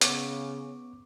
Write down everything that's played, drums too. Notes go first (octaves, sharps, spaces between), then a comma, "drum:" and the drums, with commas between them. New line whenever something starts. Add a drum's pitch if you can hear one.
C#3 B3 C#6 D6, drum: hi-hat